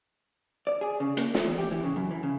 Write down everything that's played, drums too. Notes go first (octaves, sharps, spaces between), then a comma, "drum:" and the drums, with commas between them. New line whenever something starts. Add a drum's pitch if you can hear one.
D5
G#4
C#3
A#3, drum: hi-hat
A3, drum: snare
E2
G4
E3
C#3
F#2
E3
C#3